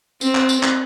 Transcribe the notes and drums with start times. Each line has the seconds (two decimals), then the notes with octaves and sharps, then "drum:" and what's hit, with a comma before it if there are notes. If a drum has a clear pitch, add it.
0.21 C4, drum: tambourine
0.35 drum: clap
0.49 drum: tambourine
0.63 drum: clap